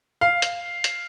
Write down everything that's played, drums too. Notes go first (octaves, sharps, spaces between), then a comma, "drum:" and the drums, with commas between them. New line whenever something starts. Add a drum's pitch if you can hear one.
F5
drum: hi-hat
drum: hi-hat